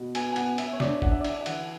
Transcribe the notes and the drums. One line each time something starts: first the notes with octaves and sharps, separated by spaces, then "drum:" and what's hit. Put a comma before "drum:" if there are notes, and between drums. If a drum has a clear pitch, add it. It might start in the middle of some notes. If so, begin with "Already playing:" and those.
Already playing: B2
B3 G#5, drum: cymbal
G#5
B3 F#5, drum: cymbal
B3 E5, drum: cymbal
C#5
D4 D5, drum: snare
D3 F#5, drum: kick
E5
D5
D3 E5, drum: cymbal
E5
E3 F#5, drum: cymbal